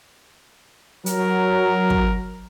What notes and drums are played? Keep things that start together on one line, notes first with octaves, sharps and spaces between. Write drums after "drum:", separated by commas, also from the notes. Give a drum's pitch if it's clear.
F#3 A#4, drum: hi-hat
drum: kick